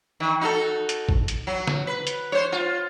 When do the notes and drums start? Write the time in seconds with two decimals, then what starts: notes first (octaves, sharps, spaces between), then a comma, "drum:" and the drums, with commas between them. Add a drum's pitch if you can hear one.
0.20 D#3
0.41 D#4 F#4 A4
0.89 drum: hi-hat
1.09 drum: kick
1.28 drum: hi-hat
1.47 F#3
1.67 drum: snare
1.87 B4
2.07 drum: hi-hat
2.32 C5 C#5
2.52 F4